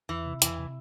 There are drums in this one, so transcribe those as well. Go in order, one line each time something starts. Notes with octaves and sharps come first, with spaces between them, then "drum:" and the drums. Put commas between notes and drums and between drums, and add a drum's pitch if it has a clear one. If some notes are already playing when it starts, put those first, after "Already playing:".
E2 E3
C3
E2 E3, drum: hi-hat
C3